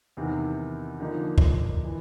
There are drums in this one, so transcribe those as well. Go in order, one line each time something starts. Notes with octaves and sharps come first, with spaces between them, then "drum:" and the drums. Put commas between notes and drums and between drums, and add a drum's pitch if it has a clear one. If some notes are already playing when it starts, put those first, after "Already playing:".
E2 C3 D#3
D3 F3 A#3 D#4
drum: kick
E3